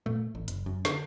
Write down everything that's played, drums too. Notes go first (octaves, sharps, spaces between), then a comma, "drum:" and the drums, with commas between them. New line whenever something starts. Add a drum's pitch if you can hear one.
A#2 A3
A1
F#1, drum: hi-hat
F#2
D3, drum: snare